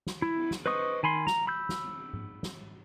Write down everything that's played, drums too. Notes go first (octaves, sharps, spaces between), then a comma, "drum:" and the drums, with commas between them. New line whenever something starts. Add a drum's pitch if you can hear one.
drum: snare
E4
drum: cymbal
drum: snare
B4 C5 D#5 C#6 D#6, drum: cymbal
D#3 G#5 B5 C6
A#5, drum: snare
B5 E6 G6
drum: snare
drum: cymbal
drum: tom G#2
drum: snare